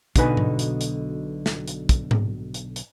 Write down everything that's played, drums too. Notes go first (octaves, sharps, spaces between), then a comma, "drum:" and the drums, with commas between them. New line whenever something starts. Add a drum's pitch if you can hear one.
B1 B2 D3 D#4 B4 G#5, drum: kick, hi-hat
drum: tom G#2
drum: hi-hat
drum: hi-hat
drum: snare
drum: hi-hat
drum: kick, hi-hat
drum: tom G#2
drum: hi-hat
drum: hi-hat